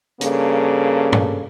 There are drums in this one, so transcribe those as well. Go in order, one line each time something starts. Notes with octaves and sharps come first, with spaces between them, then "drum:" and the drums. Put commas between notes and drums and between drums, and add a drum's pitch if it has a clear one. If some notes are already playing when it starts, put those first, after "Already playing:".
G2 C#3 A#3 A4, drum: hi-hat
drum: tom G2